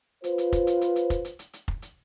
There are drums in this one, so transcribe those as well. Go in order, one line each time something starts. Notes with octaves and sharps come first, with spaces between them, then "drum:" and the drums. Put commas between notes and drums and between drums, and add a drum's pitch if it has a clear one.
F4 B4 C5, drum: hi-hat
drum: hi-hat
drum: kick F1, hi-hat
drum: hi-hat
drum: hi-hat
drum: hi-hat
drum: kick F1, hi-hat
drum: hi-hat
drum: hi-hat
drum: hi-hat
drum: kick F1
drum: hi-hat